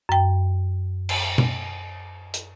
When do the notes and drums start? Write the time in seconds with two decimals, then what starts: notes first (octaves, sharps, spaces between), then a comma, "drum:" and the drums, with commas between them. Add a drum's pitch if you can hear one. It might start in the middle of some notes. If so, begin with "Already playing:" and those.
0.09 F#2 G5
1.09 drum: cymbal
1.38 drum: tom B2
2.34 drum: hi-hat